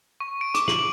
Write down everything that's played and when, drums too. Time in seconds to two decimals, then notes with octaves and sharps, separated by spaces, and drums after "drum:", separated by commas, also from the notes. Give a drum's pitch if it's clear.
0.20 C#6
0.41 D7
0.55 D6, drum: hi-hat
0.68 F#7, drum: rim click